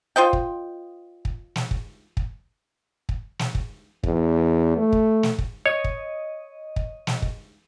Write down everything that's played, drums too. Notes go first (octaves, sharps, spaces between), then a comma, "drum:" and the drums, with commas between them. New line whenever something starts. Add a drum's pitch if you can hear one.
F4 C5 D#5 G5
drum: kick
drum: kick
drum: snare
drum: kick
drum: kick
drum: kick
drum: snare
drum: kick
E2, drum: kick
A3
drum: kick
drum: snare
drum: kick
C#5 D#5
drum: kick
drum: kick
drum: snare
drum: kick